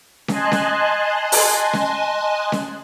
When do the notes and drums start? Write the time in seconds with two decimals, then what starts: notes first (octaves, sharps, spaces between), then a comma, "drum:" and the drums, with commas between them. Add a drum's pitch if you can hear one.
0.28 D#5 G#5 A5 C6 F#6, drum: snare C#4
0.52 drum: snare C#4
1.32 drum: open hi-hat
1.73 drum: snare C#4
2.52 drum: snare C#4